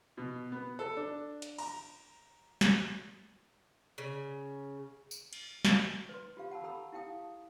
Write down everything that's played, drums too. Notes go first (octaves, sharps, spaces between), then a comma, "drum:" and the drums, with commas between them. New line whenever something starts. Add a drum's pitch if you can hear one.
B2
B3
A4
D4
drum: hi-hat
A#5, drum: cymbal
drum: snare
C#3
drum: tambourine
drum: cymbal
drum: snare
B4 C6
F4 G4 F5
F#5 A5 B5 E6
G4 A4 A#5 B5 E6
E4 G4 F5 G5 D#6